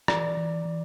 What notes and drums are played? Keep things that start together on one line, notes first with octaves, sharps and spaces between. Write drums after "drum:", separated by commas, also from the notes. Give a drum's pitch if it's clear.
E3 D5, drum: rim click
E3
E3